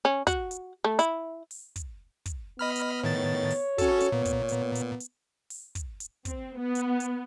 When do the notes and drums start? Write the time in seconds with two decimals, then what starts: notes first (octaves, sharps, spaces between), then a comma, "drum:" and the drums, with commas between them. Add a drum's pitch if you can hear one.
0.05 C#4
0.27 F#4, drum: kick, hi-hat
0.51 drum: hi-hat
0.84 A3
0.99 E4, drum: hi-hat
1.51 drum: open hi-hat
1.76 drum: kick, hi-hat
2.26 drum: kick, hi-hat
2.59 B3 D#5 B5 F6
2.76 drum: hi-hat
3.04 A2 D#3 C#5 A6
3.50 drum: open hi-hat
3.78 C#4 F#4 A4, drum: kick, hi-hat
4.00 drum: hi-hat
4.12 A#2 B3
4.25 drum: kick, hi-hat
4.49 B3, drum: hi-hat
4.75 drum: hi-hat
5.00 drum: hi-hat
5.50 drum: open hi-hat
5.75 drum: kick, hi-hat
6.00 drum: hi-hat
6.25 C4, drum: kick, hi-hat
6.57 B3
6.75 drum: hi-hat
7.00 drum: hi-hat